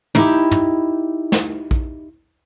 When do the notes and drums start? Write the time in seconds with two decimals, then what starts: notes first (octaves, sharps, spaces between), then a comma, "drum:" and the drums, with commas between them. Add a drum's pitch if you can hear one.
0.15 D#4 E4 G4, drum: tom
0.51 drum: tom
1.32 drum: snare
1.71 drum: kick A#1